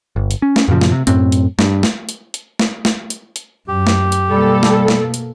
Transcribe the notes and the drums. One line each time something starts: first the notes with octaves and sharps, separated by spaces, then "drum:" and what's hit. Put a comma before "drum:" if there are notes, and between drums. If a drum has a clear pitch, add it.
G1
drum: hi-hat
C#4
drum: snare
F#2 A#2 C#3 F3
drum: snare
C3
F#2 A2 C4, drum: hi-hat
drum: hi-hat
G2, drum: snare
drum: snare
drum: hi-hat
drum: hi-hat
drum: snare
drum: snare
drum: hi-hat
drum: hi-hat
F#2 G4
drum: snare
drum: hi-hat
B2 G3 A#3 A4
drum: snare
drum: snare
drum: hi-hat